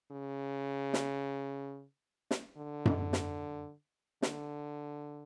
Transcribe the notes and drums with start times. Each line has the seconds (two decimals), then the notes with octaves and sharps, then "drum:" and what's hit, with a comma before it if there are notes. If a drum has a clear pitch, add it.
0.11 C#3
0.94 drum: snare
2.31 drum: snare
2.57 D3
2.85 drum: tom F#2
3.13 drum: snare
4.22 D3, drum: snare